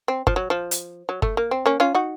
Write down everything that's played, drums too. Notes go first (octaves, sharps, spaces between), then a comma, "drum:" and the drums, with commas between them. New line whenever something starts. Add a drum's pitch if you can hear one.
C4
F3, drum: kick G1
F#3
F3
drum: hi-hat
F#3
A3, drum: kick G1
A#3
C4
A#3 C#4
C#4 F4
D#4 F#4